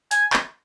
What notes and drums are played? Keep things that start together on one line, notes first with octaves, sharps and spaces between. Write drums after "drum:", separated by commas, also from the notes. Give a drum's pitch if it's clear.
G#5, drum: hi-hat
drum: clap